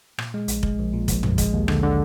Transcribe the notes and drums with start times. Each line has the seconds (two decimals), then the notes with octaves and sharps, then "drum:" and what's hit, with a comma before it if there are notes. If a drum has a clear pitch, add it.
0.18 A#2, drum: rim click
0.34 G#3
0.48 A#1, drum: hi-hat
0.63 G#3, drum: kick F1
0.78 A#1
0.93 A#2
1.08 A#1, drum: kick F1, hi-hat
1.23 A#1, drum: tom
1.38 G#3, drum: kick F1, hi-hat
1.53 D#2
1.68 D3, drum: rim click
1.83 D3